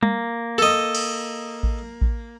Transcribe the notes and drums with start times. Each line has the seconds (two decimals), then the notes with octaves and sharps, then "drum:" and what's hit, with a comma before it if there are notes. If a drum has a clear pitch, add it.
0.03 A#3, drum: tom G3
0.58 A4 D#5
0.95 drum: cymbal
1.63 drum: kick A1
2.02 drum: kick A1